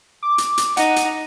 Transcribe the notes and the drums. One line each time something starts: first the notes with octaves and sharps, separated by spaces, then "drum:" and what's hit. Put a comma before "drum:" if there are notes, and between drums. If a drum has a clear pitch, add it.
D6
drum: hi-hat
drum: hi-hat
D#4 F#5, drum: hi-hat
drum: hi-hat